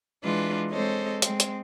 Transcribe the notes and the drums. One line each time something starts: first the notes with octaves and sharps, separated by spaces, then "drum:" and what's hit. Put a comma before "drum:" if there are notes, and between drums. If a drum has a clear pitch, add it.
E3 G#3 D4 F4 B4
G#3 C4 A4 C5 C#5 D#5
G#3 C4, drum: hi-hat
drum: hi-hat